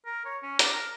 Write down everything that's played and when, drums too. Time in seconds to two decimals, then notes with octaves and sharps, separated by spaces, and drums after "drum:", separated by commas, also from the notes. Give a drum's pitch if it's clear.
0.05 A#4
0.25 C#5
0.42 C#4
0.59 D4, drum: hi-hat
0.73 A#4